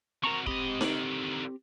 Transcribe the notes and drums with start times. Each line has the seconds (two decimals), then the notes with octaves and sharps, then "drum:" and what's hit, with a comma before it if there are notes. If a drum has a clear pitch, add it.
0.24 C4 F#4 A#4 A#5 C#6
0.47 G#2 C4 G4 D#5 B5, drum: kick
0.81 D3 D#3, drum: snare D#4